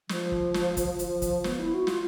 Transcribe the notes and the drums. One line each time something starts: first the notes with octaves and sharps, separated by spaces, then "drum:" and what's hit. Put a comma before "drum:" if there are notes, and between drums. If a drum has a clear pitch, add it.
F3, drum: snare
drum: kick
drum: snare
drum: kick, hi-hat
F3, drum: hi-hat
drum: kick, hi-hat
B3, drum: snare
E4
F#4
F4, drum: snare